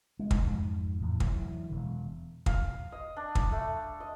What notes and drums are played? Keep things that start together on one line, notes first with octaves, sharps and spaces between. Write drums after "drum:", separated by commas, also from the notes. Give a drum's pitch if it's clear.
G#3
drum: kick
F2 G#2
E2 A2
D3 E3 F#3, drum: kick
E1
F5, drum: kick
D#5
D4
drum: kick
A3
D#5